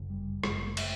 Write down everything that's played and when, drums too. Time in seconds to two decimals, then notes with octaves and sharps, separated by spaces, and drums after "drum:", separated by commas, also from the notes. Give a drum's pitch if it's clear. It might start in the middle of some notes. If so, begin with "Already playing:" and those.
Already playing: G1 F#2 C#3
0.10 G3
0.44 G1 F#2 C#3 G#3, drum: rim click
0.66 A3
0.77 drum: cymbal